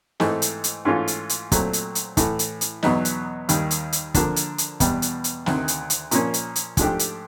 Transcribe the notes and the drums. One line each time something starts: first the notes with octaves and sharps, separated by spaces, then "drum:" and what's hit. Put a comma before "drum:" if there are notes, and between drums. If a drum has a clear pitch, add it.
G#2 E3 A3 C4 D#4, drum: snare
drum: hi-hat
drum: hi-hat
G#2 E3 A3 C#4 F4
drum: hi-hat
drum: hi-hat
A#2 F#3 A3 C4, drum: kick, hi-hat
drum: hi-hat
drum: hi-hat
A2 E3 A3, drum: kick, hi-hat
drum: hi-hat
drum: hi-hat
E2 B2 F#3 B3 D#4, drum: snare
drum: hi-hat
D#2 D#3 G3, drum: hi-hat
drum: hi-hat
drum: hi-hat
D3 F3 A#3 D4, drum: kick, hi-hat
drum: hi-hat
drum: hi-hat
E2 B2 G3, drum: kick, hi-hat
drum: hi-hat
drum: hi-hat
D2 C3 D#3, drum: snare
drum: hi-hat
drum: hi-hat
A#2 F3 A#3 C#4, drum: hi-hat
drum: hi-hat
drum: hi-hat
G#2 F3 A3 D4 G4, drum: kick, hi-hat
drum: hi-hat